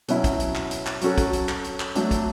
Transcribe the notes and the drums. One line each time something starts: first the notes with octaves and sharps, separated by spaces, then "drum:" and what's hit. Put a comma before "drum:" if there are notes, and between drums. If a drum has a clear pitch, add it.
B2 F#3 C#4 E4, drum: hi-hat
drum: kick, hi-hat
drum: hi-hat
drum: clap
drum: hi-hat
drum: clap
F#3 C#4 F#4 A4, drum: hi-hat
drum: kick, hi-hat
drum: hi-hat
drum: clap
drum: hi-hat
drum: clap
F#3 A3 D4, drum: hi-hat
drum: kick, hi-hat